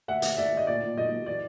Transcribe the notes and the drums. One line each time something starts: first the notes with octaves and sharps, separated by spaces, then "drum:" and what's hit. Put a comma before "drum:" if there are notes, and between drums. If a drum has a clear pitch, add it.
D2 E5 F#5
D2, drum: hi-hat
D2 D5 E5
D2 D#5
A#2 D5
A#2
B1 D#5
B1
E3 D5